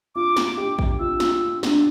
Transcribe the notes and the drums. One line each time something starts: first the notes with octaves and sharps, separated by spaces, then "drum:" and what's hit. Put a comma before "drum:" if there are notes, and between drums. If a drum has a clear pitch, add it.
F4 D6
drum: snare
G4
drum: kick
F4 E6
F4, drum: snare
D4, drum: snare